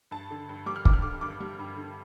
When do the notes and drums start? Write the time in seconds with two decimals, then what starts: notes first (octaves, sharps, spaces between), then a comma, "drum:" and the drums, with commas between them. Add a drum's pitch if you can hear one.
0.11 G2 A5
0.31 D3
0.49 G2
0.66 G3 D6
0.76 F6
0.85 G2 D6, drum: kick
0.93 F6
1.02 D3 D6
1.21 G2 D6
1.40 G3
1.59 G2
1.76 D3